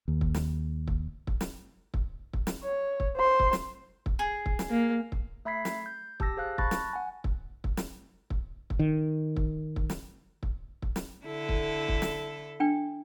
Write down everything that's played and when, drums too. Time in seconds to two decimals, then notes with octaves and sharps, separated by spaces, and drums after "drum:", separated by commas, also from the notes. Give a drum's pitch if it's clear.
0.08 D#2
0.21 drum: kick
0.34 drum: snare
0.88 drum: kick
1.27 drum: kick
1.41 drum: snare
1.94 drum: kick
2.33 drum: kick
2.47 drum: snare
2.64 C#5
3.00 drum: kick
3.17 C5 C6
3.40 drum: kick
3.53 drum: snare
4.06 drum: kick
4.19 G#4
4.46 drum: kick
4.59 drum: snare
4.70 A#3
5.12 drum: kick
5.45 A3 E5 B5 G#6 B6 C7
5.65 drum: snare
5.86 G6
6.20 G4 A5 E6 A#6, drum: kick
6.37 G#4 C5 F5 F#6
6.58 A5 B5 C#6 F#6 A6 A#6, drum: kick
6.71 drum: snare
6.93 F#5 G#5
7.24 drum: kick
7.64 drum: kick
7.77 drum: snare
8.30 drum: kick
8.70 drum: kick
8.79 D#3
9.36 drum: kick
9.76 drum: kick
9.90 drum: snare
10.43 drum: kick
10.82 drum: kick
10.96 drum: snare
11.26 D3 E4 A4
11.49 drum: kick
11.89 drum: kick
12.02 drum: snare
12.60 D4 G5